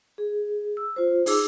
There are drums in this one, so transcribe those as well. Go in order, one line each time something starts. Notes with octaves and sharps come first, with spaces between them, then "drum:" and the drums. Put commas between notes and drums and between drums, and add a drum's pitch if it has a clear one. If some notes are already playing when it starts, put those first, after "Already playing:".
G#4
E6
F4 C5
D#4 G#4 D6 E6, drum: open hi-hat